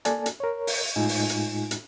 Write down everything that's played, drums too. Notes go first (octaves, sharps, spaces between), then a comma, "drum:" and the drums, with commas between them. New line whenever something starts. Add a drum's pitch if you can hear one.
A#3 A4 D5 G#5 A5, drum: hi-hat
drum: hi-hat
A#4 C#5
drum: open hi-hat
A2 G#3 D#4 F4 G#5
drum: open hi-hat
drum: hi-hat
drum: hi-hat